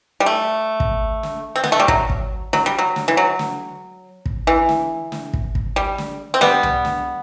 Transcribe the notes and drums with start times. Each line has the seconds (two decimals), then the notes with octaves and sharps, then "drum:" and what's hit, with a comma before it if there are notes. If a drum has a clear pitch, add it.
0.20 G3
0.26 A3
0.80 drum: kick
1.23 drum: snare
1.56 C4
1.64 B3, drum: snare
1.72 A3
1.80 G3
1.88 F#3, drum: kick
2.10 drum: kick
2.53 F#3, drum: snare
2.66 G3
2.78 F#3
2.96 drum: snare
3.08 E3
3.17 F#3
3.39 drum: snare
4.26 drum: kick
4.47 E3
4.69 drum: snare
5.12 drum: snare
5.33 drum: kick
5.55 drum: kick
5.76 G3
5.98 drum: snare
6.34 C4
6.41 G3 B3, drum: snare
6.63 drum: tom C2
6.85 drum: snare